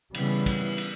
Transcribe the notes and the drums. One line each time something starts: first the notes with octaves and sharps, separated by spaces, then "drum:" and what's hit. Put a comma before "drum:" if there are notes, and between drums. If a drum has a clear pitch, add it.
C#3 E3 G3 B3, drum: cymbal
drum: kick, cymbal
drum: cymbal